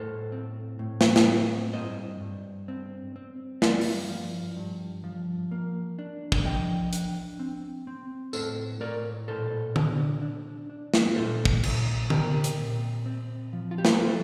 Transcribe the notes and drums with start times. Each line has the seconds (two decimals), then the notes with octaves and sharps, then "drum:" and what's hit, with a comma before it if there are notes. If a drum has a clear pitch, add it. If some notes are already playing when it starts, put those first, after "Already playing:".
Already playing: A2 A4 C5
0.32 C4
0.79 A2
1.01 drum: snare
1.16 drum: snare
1.27 C4
1.73 G2 C5 D#5
2.20 G2
2.68 C4
3.16 C4
3.62 G2 D5 F5, drum: snare
3.81 drum: open hi-hat
4.10 F3
4.57 G2
5.04 F3
5.51 A#3
5.99 D4
6.32 drum: kick
6.45 F3 D#5 G5
6.93 D4, drum: hi-hat
7.39 C4
7.87 C4
8.33 A2 A4 C5, drum: tambourine
8.80 A2 A#4 D5
9.28 A#2 A4 C5
9.76 D4, drum: tom D3
10.22 D4
10.70 D4
10.94 drum: snare
11.16 A#2 A4 C5
11.45 drum: kick
11.63 A#2, drum: cymbal
12.10 C4 G4 A#4, drum: tom D3
12.44 drum: hi-hat
12.58 A#2
13.06 C4
13.53 F3
13.71 F4
13.78 G4
13.85 A4, drum: snare
13.93 A#4
13.99 F3 A4 C5